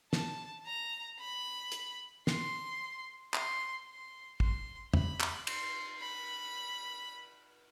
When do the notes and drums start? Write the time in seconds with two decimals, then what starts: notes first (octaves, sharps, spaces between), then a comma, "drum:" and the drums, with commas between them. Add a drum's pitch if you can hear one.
0.13 A5, drum: snare
0.66 A#5
1.20 B5
1.72 drum: hi-hat
2.27 C6, drum: snare
3.34 C6, drum: clap
3.87 C6
4.40 C6, drum: kick
4.93 B5, drum: tom
5.20 drum: clap
5.47 C6, drum: cymbal
6.00 B5